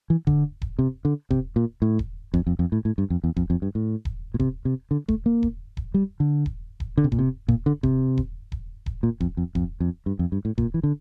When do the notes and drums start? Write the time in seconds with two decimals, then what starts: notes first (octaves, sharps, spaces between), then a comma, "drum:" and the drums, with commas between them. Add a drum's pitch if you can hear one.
0.10 E3
0.27 D3, drum: kick D#1
0.62 drum: kick D#1
0.79 C3
1.05 D3
1.31 C3, drum: kick D#1
1.56 A#2
1.82 A2
1.99 drum: kick D#1
2.34 F2, drum: kick D#1
2.47 F2
2.59 F2
2.72 A2
2.85 A2
2.98 G2
3.10 F2
3.24 E2
3.37 F2, drum: kick D#1
3.50 F2
3.62 G2
3.75 A2
4.05 drum: kick D#1
4.34 A#2
4.40 C3, drum: kick D#1
4.65 C3
4.91 D3
5.08 A3, drum: kick D#1
5.26 A#3
5.43 drum: kick D#1
5.77 drum: kick D#1
5.94 G3
6.20 D3
6.46 drum: kick D#1
6.80 drum: kick D#1
6.98 D3
7.04 C3
7.12 A#2, drum: kick D#1
7.19 C3
7.48 A#2, drum: kick D#1
7.66 D3
7.83 C3, drum: kick D#1
8.17 drum: kick D#1
8.52 drum: kick D#1
8.86 drum: kick D#1
9.03 A#2
9.20 F2, drum: kick D#1
9.37 F2
9.55 F2, drum: kick D#1
9.80 F2
10.06 G2
10.19 F2
10.32 G2
10.45 A2
10.58 A#2, drum: kick D#1
10.74 E3
10.83 D3